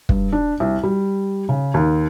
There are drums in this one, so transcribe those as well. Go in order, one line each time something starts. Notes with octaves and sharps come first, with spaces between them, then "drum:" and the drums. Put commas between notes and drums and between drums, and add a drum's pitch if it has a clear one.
G2, drum: kick
D4
C2
G3
C#3
D#2